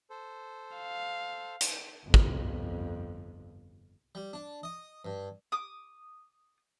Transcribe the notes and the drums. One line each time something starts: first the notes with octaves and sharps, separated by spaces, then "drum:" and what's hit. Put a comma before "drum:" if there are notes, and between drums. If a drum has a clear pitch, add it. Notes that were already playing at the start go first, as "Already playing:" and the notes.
A4 C5
F5
drum: hi-hat
G1 F2
drum: kick
G3
D4
D#5
G2
D6 D#6